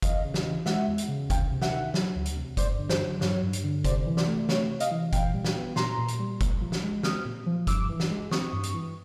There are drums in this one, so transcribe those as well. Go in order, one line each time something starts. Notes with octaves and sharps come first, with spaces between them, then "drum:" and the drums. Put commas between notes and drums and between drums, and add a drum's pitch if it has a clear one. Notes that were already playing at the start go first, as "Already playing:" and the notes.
E2 D#5 F5, drum: kick F#1, hi-hat
C#3
drum: snare
E3
G#3 E5 F#5, drum: snare
E2
drum: hi-hat
C#3
D2 F5 G5, drum: kick F#1, hi-hat
C3
E5 F#5, drum: snare
D#3
F#3, drum: snare
D2
drum: hi-hat
C3
G2 C5 D5, drum: kick F#1, hi-hat
D3
C5, drum: snare
F#3
G2 C#5, drum: snare
G2
drum: hi-hat
D3
C3 C5 D5, drum: kick F#1, hi-hat
E3
C5 D5, drum: snare
A3
C3 C#5, drum: snare
C3
D#5 F5, drum: hi-hat
E3
A#2 F5 G5, drum: kick F#1, hi-hat
G3
drum: snare
B3
A#2 A#5 C6, drum: snare
A#2
drum: hi-hat
G3
A#2, drum: kick F#1, hi-hat
F3
drum: snare
G#3
C4 D#6 F6, drum: snare
A#2
F3
G2 D6 E6, drum: kick F#1, hi-hat
E3
drum: snare
G#3
C4 C#6 D#6, drum: snare
G2
drum: hi-hat
E3